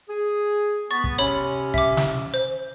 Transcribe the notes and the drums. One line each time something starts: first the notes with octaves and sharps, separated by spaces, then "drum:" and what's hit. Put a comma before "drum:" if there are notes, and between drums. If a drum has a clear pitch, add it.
G#4
B3 C#6 A6
drum: kick
C3 C#4 C#5 B5
E5 D6, drum: kick
drum: snare
C5